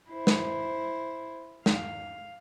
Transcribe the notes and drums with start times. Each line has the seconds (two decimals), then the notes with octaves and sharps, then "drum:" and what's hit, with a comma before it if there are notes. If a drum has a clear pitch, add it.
0.10 E4 C5
0.27 drum: snare
1.66 F5, drum: snare